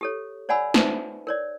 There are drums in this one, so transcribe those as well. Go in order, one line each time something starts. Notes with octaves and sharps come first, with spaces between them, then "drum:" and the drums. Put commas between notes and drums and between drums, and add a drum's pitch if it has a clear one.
G4 A4 C#5
C#5 D5 F#5 G#5 B5 E6
D#4 B4 C5 E5, drum: snare
A#4 C#5 D5